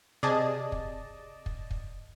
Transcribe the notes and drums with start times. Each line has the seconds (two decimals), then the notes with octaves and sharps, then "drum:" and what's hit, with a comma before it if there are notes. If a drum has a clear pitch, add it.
0.23 C3 G#4 D5 D#5 A5
0.72 drum: kick
1.46 drum: kick
1.71 drum: kick